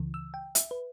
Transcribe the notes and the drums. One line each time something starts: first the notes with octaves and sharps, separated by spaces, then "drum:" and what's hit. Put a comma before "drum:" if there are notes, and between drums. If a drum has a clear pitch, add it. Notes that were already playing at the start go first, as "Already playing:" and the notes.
Already playing: C#2 C#3 E3
E6
G5
E5, drum: hi-hat
B4